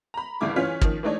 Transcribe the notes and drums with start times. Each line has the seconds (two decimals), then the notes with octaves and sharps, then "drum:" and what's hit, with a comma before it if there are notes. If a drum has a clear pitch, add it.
0.14 A#5 B5
0.41 G1 C#2 G2 E4 D6
0.56 E3 C#4 F4 C#5 F6 B6
0.81 D#3 F3, drum: kick
1.03 E3 G#3 A3 D4 D#4 C#5